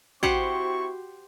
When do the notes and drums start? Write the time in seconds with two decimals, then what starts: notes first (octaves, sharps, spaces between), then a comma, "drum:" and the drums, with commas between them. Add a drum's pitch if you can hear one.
0.23 C4 E4 F#4 G4 C5 F#5 C#6, drum: kick